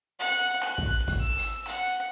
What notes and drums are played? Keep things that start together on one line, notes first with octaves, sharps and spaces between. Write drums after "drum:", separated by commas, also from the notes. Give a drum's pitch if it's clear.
F#5
F#6
drum: kick
drum: kick, hi-hat
E6
drum: hi-hat
F#5, drum: hi-hat